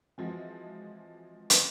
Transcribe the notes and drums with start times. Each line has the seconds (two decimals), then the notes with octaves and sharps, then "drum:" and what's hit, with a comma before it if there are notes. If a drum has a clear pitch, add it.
0.18 E3 F3 G#3 C4 F#4
1.50 drum: hi-hat